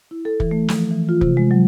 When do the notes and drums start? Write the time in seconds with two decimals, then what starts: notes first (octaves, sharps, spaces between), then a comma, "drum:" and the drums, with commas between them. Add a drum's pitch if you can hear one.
0.11 E4
0.25 A4
0.40 E3, drum: kick
0.51 A3
0.68 F3, drum: snare
0.91 E3
1.09 F4
1.21 C3, drum: kick
1.37 G#3
1.51 F#3